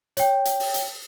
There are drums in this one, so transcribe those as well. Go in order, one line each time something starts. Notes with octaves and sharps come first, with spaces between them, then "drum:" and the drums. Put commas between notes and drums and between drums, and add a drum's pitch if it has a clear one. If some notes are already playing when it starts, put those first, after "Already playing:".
C#5 G5, drum: hi-hat
drum: hi-hat
drum: open hi-hat
drum: hi-hat